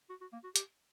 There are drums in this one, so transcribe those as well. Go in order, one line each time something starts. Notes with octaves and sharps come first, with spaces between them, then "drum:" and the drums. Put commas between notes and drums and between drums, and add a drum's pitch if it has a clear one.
F#4
F#4
A#3
F#4
G4, drum: hi-hat